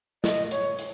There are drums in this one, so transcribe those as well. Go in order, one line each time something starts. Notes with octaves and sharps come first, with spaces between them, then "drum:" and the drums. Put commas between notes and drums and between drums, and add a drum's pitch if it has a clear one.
D#5, drum: snare
C#5, drum: hi-hat
drum: hi-hat